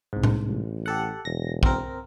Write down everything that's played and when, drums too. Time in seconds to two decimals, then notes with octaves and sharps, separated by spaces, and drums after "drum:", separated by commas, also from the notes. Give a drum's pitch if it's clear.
0.13 C2 G#2
0.24 drum: tom A2
0.48 A1
0.86 G4 A4 F#5
1.25 E1 A#6
1.63 C4 A#4, drum: kick